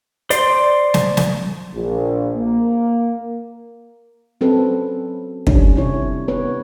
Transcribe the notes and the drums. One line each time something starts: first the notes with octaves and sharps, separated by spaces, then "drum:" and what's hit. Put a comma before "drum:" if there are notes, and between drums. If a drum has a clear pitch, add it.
C5 D5 C6, drum: hi-hat
drum: snare
drum: snare
A#1
A#3
F#3 C4 C#4 A4 B4
D#3 G3 C#4 D4, drum: kick
C3 E4 C#5
B3 B4 C#5